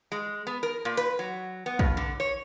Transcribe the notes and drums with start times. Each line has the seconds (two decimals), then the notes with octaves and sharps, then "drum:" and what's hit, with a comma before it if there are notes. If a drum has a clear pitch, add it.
0.12 G#3
0.47 B3
0.63 A#4
0.85 A#2
0.97 B4, drum: hi-hat
1.19 F#3
1.66 B3
1.79 G2, drum: kick
1.97 D3
2.20 C#5